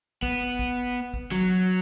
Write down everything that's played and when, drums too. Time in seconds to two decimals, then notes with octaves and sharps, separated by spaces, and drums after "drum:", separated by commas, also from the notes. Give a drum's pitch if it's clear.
0.22 B3, drum: kick
0.59 drum: kick
1.14 drum: kick
1.32 F#3, drum: tom